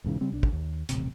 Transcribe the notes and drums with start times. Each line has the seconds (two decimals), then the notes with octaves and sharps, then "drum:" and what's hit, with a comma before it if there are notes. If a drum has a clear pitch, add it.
0.04 E1 G#2 C#3 E3
0.21 C#3 G3 C4
0.32 B1 D4
0.43 drum: kick
0.53 D#2
0.89 D#1 A1 C3, drum: hi-hat